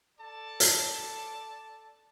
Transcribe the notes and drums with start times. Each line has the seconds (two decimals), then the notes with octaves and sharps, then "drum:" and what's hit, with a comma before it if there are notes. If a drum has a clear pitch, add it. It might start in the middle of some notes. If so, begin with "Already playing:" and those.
0.19 A4 D5 A5
0.60 drum: hi-hat